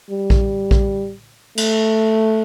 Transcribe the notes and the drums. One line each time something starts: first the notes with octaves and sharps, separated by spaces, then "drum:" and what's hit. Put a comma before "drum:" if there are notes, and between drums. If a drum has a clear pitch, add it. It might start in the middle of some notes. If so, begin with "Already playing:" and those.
G3
drum: kick A#1
drum: kick A#1
A3, drum: cymbal